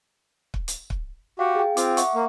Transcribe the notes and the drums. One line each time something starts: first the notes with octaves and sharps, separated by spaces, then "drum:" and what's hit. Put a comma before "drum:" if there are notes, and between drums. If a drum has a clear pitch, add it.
drum: kick
drum: hi-hat
drum: kick
F#4 G4 F5
G#4 G5
C4 F4 D6, drum: hi-hat
E5 F#5 C#6, drum: hi-hat
A#3